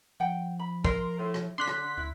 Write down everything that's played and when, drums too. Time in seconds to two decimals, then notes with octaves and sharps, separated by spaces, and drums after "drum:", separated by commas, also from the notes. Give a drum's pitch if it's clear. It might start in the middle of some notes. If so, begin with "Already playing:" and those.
0.20 F3 F#5 G5
0.59 B5
0.85 A#4 C6, drum: kick
1.18 A2
1.34 drum: rim click
1.58 D3 D4 C6 F#6 B6
1.67 drum: rim click
1.97 D2 E4